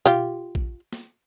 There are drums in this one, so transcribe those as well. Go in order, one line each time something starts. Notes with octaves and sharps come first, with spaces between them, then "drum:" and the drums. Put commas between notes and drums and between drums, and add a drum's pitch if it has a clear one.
F4 G4, drum: tom B2
drum: kick A#1
drum: snare